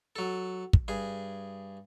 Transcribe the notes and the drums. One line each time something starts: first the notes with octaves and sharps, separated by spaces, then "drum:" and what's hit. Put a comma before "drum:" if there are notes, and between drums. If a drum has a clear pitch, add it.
F#3 A4
drum: kick
G2 G#4